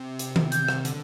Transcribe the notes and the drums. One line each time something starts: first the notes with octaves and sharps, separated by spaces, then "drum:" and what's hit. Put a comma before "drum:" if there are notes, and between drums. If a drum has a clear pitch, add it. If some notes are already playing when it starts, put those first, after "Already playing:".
Already playing: C3
drum: hi-hat
drum: tom D#3
G6, drum: hi-hat
drum: rim click
D3, drum: hi-hat